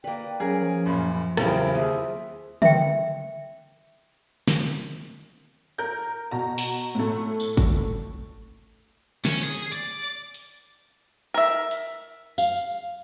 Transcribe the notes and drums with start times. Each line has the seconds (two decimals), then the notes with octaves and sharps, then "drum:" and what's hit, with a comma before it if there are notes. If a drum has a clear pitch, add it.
0.04 A#3 B4 D5 G5
0.40 F#3 C#4 G#4 A#4
0.61 F3
0.86 F#2 A#2 B5
1.37 E2 C#3 F#3 C4 E4 F4 G4 A#4, drum: rim click
1.74 D#2 G#4 E5 D#6
2.62 E5 G5, drum: tom C#3
4.48 drum: snare
5.78 A#4 G6
6.31 B2 F#4 A5 A#5
6.58 drum: open hi-hat
6.95 A2 A3
7.40 drum: tambourine
7.57 drum: kick
9.25 C#4, drum: snare
9.43 G#4
9.72 D5
10.34 drum: hi-hat
11.34 A#4 E5
11.71 drum: hi-hat
12.38 F5, drum: tambourine